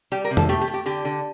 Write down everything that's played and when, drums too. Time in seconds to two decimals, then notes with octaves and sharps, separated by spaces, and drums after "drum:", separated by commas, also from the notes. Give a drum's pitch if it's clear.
0.12 G3 G4
0.25 A#4
0.30 C3
0.37 A4, drum: tom F2
0.49 A3 G4
0.61 G4
0.68 A3
0.74 G4
0.86 D3 G4
1.05 D3